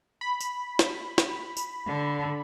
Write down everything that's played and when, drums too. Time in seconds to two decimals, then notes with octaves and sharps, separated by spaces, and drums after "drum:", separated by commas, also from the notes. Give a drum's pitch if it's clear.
0.21 B5
0.41 drum: tambourine
0.79 drum: snare
1.18 drum: snare
1.57 drum: tambourine
1.86 D3